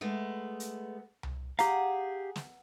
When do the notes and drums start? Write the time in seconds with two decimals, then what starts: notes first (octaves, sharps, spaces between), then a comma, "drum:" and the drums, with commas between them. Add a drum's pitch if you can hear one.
0.01 G#3 A3 B3
0.60 drum: hi-hat
1.23 drum: tom C2
1.59 G4 G#4 F5 F#5 A#5, drum: hi-hat
2.36 drum: snare